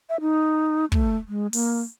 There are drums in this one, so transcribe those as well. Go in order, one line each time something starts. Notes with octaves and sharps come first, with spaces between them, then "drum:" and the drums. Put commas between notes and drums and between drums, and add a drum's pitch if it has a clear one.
E5
D#4
A3, drum: kick
G#3
A#3, drum: open hi-hat